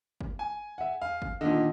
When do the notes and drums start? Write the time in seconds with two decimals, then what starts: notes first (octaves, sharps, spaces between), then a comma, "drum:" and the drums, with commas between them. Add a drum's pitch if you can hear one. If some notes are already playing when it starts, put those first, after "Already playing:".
0.21 drum: kick G1
0.39 G#5
0.78 E5 F#5
1.02 F5
1.22 drum: kick G1
1.41 A#2 D3 D#3 D#5